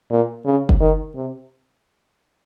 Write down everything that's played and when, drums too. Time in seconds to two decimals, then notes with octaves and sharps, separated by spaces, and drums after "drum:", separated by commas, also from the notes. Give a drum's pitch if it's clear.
0.11 A#2
0.46 C#3
0.69 drum: kick
0.81 D#3
1.15 C3